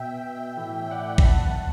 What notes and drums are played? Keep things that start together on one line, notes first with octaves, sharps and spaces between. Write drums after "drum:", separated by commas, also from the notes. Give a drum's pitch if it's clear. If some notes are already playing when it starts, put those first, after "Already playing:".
Already playing: B2 E5 G5
A2 E3
D5 F#5
B5, drum: kick A1
B2 F#5 A5